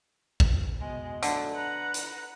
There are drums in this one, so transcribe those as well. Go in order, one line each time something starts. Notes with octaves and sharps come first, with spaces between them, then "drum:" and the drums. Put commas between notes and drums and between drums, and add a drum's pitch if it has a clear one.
drum: kick
B2 G#3
D3 F#3 A3, drum: hi-hat
B4 F#5 A#5
drum: hi-hat